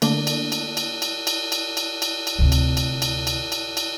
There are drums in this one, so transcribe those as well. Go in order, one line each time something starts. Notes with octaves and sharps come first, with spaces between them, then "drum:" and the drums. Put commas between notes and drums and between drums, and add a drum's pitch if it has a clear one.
D3 A3 A#3 D4, drum: cymbal
drum: cymbal
drum: cymbal
drum: cymbal
drum: cymbal
drum: cymbal
drum: cymbal
drum: cymbal
drum: cymbal
drum: cymbal
D2 C3
drum: cymbal
drum: cymbal
drum: cymbal
drum: cymbal
drum: cymbal
drum: cymbal